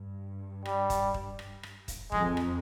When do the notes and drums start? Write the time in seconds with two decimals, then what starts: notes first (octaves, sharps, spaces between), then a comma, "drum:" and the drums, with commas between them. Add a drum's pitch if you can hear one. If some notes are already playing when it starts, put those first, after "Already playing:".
Already playing: G2
0.65 G3, drum: rim click
0.90 drum: kick D#1, hi-hat
1.14 drum: kick D#1
1.39 drum: rim click
1.63 drum: rim click
1.88 drum: kick D#1, hi-hat
2.12 F2 G#3, drum: kick D#1
2.37 drum: rim click